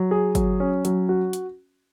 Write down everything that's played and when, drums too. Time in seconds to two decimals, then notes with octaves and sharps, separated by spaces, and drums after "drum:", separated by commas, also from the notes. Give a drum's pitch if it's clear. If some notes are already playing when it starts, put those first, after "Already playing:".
Already playing: F#3
0.11 G#4
0.35 F#3, drum: kick G1, hi-hat
0.60 C#4
0.85 F#3, drum: hi-hat
1.09 F#4
1.33 drum: hi-hat